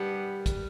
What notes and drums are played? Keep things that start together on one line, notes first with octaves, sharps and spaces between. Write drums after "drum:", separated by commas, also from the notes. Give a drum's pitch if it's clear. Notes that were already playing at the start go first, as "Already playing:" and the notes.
Already playing: G3 B3 D4 G4 B4 F#5
drum: kick, hi-hat